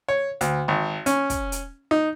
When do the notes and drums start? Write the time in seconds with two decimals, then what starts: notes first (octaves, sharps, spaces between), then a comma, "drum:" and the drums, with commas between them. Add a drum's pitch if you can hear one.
0.08 C#5
0.41 D2, drum: hi-hat
0.68 G#1
1.06 C#4, drum: hi-hat
1.30 drum: kick, hi-hat
1.52 drum: hi-hat
1.91 D#4